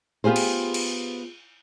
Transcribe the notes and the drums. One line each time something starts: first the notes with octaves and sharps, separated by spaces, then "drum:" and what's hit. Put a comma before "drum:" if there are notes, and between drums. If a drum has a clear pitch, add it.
B3 F4 G4 G#4 C5
drum: cymbal
drum: cymbal